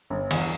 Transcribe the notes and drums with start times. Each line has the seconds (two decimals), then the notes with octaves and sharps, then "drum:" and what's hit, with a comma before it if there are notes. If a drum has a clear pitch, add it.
0.10 G1
0.31 E2, drum: cymbal